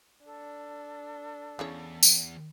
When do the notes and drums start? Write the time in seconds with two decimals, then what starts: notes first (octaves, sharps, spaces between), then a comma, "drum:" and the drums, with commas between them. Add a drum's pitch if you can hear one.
0.25 D4 A4
1.59 E2 C#3 E4 C#5
2.03 drum: tambourine